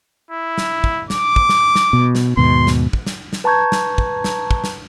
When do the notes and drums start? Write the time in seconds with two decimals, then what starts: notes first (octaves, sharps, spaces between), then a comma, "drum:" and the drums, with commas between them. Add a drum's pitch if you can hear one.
0.31 E4
0.58 drum: snare
0.84 drum: kick
1.10 D6, drum: snare
1.36 drum: kick
1.49 drum: snare
1.75 drum: snare
1.93 B2
2.15 drum: snare
2.37 D#2 G#2 B2 C6
2.67 drum: snare
2.93 drum: kick
3.06 drum: snare
3.33 drum: snare
3.44 B4 A5 A#5 C#6 G6 G#6
3.72 drum: snare
3.98 drum: kick
4.24 drum: snare
4.51 drum: kick
4.64 drum: snare